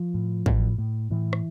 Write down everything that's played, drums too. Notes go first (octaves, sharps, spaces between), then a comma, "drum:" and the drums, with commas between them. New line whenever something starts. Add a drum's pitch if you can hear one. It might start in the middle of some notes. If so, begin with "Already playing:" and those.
Already playing: F3
A2
A2, drum: kick
A2
A2 E3
drum: rim click